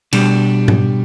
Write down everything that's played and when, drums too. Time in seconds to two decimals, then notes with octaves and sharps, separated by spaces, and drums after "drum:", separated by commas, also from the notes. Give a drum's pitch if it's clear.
0.13 B2 G3 D4 G4, drum: cymbal
0.68 drum: tom G#2